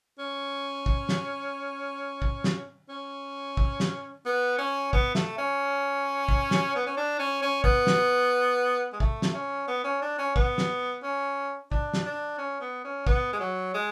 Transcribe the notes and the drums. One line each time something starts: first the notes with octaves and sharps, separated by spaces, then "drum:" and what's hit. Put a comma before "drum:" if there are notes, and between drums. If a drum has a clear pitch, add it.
C#4
drum: kick
drum: snare
drum: kick
drum: snare
C#4
drum: kick
drum: snare
B3
C#4
B3, drum: kick
A3, drum: snare
C#4
drum: kick
drum: snare
B3
C#4
D4
C#4
C#4
B3, drum: kick
drum: snare
G#3
A3, drum: kick
drum: snare
C#4
B3
C#4
D4
C#4
B3, drum: kick
drum: snare
C#4
D4, drum: kick
drum: snare
D4
C#4
B3
C#4
B3, drum: kick
G#3
F#3
G#3